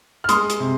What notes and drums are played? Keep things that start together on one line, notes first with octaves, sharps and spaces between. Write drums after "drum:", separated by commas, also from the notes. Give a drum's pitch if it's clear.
F6
G#3 C6 D#6, drum: hi-hat
drum: hi-hat
C3